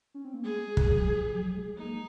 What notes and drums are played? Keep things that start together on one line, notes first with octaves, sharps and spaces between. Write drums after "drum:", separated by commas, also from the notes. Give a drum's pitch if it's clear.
C#4
C4
A#3
G#3 G#4
G#3
drum: kick
F#3
F3
F#3
G#3
A#3 D#4